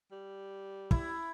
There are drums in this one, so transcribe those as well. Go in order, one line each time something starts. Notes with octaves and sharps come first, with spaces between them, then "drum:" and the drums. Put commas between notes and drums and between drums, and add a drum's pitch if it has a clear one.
G3
E4, drum: kick